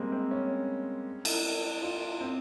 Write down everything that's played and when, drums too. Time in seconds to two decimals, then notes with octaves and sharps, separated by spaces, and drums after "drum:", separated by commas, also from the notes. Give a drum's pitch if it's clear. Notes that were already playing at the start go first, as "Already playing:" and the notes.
Already playing: G3 G#3 A#3 C4
0.12 C4
0.31 C#4
1.25 drum: cymbal
1.82 F4
2.21 C4